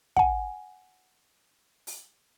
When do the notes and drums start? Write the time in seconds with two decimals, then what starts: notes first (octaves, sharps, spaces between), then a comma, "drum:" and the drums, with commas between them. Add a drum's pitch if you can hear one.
0.17 F#5 G#5, drum: kick
1.87 drum: open hi-hat